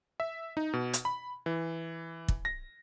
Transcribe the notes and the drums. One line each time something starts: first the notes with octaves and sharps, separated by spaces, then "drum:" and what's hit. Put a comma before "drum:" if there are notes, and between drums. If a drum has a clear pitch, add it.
E5
D#4
B2
drum: hi-hat
B5
E3
drum: kick
A#6